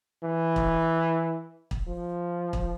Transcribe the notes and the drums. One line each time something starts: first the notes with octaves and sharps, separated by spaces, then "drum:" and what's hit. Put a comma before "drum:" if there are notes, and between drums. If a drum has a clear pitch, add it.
E3
drum: kick
drum: kick
F3
drum: kick